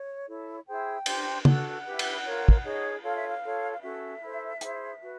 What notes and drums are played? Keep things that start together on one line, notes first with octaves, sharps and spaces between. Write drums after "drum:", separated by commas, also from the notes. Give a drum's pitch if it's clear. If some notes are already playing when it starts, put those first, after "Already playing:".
Already playing: C#5
E4 A4 C#5
E4 G#4 C5 G5
D4 G4 C5, drum: cymbal
D4 F#4 A4 F#5, drum: tom
E4 G4 B4
drum: cymbal
F4 A#4 C#5
drum: kick
D#4 G#4 C#5
F4 A4 C#5 F5
E5
F5
F4 A4 C#5
F5
C#4 F#4 A4 E5
E4 A4 C5
E4 G#4 C5, drum: hi-hat
F#4 B4